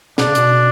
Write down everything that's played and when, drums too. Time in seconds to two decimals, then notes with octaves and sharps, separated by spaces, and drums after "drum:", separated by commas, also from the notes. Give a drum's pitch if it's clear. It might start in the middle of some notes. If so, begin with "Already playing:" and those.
0.18 B2 D4, drum: snare
0.27 C#3
0.35 B2, drum: hi-hat